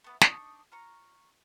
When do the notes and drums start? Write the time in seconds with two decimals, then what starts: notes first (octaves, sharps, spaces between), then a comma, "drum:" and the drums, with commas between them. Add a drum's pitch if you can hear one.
0.04 A3 B3 B4
0.21 D4 D#4 C#6 D#6, drum: snare
0.72 F4 A#5 C#6